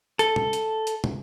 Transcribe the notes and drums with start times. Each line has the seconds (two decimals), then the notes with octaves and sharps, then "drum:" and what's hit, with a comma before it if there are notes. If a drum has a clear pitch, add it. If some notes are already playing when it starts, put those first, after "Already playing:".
0.19 A4, drum: hi-hat
0.36 drum: tom
0.53 drum: hi-hat
0.87 drum: hi-hat
1.04 drum: tom